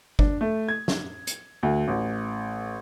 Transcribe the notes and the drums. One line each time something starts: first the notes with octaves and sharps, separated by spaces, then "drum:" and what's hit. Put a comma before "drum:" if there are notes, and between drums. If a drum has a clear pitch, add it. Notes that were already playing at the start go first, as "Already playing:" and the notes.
D4, drum: kick G1
A3
G#6
drum: snare
drum: hi-hat
D2
A1